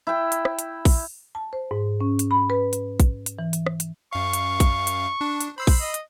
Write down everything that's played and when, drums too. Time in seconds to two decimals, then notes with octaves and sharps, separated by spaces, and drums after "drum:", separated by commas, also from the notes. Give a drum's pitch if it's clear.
0.07 E4 G5
0.32 drum: hi-hat
0.45 drum: rim click
0.59 drum: hi-hat
0.85 drum: kick A#1, open hi-hat
1.35 A5
1.53 C5
1.71 G#2
2.01 C#4
2.19 drum: hi-hat
2.31 B5
2.50 B4
2.73 drum: hi-hat
3.00 drum: kick A#1, hi-hat
3.26 drum: hi-hat
3.39 E3
3.53 drum: hi-hat
3.66 drum: rim click
3.80 drum: hi-hat
4.13 F#2 F5 C#6
4.33 drum: hi-hat
4.60 drum: kick A#1, hi-hat
4.87 drum: hi-hat
5.21 D4
5.41 drum: hi-hat
5.58 C5 B5 E6 C7
5.67 drum: kick A#1, open hi-hat
5.81 D#5
5.94 drum: hi-hat